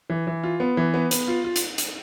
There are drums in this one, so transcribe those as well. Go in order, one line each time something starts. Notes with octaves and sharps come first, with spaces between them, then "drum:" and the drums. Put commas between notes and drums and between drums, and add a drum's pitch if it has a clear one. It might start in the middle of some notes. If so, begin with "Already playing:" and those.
E3
E3
F4
B3
E3
B3
B3, drum: hi-hat
F4
F4
drum: hi-hat
drum: hi-hat